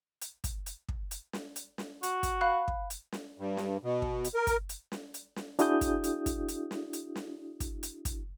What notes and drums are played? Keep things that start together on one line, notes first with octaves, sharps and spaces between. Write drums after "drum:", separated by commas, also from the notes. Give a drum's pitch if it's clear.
drum: hi-hat
drum: kick, hi-hat
drum: hi-hat
drum: kick
drum: hi-hat
drum: snare
drum: hi-hat
drum: snare
F#4, drum: hi-hat
drum: kick, hi-hat
F5 B5 F#6
drum: kick
drum: hi-hat
drum: snare
G2
drum: snare
B2
drum: kick
drum: hi-hat
A#4
drum: kick, hi-hat
drum: hi-hat
drum: snare
drum: hi-hat
drum: snare
D4 E4 F#4 G#4 D#6 G6, drum: hi-hat
drum: kick, hi-hat
drum: hi-hat
drum: kick, hi-hat
drum: hi-hat
drum: snare
drum: hi-hat
drum: snare
drum: kick, hi-hat
drum: hi-hat
drum: kick, hi-hat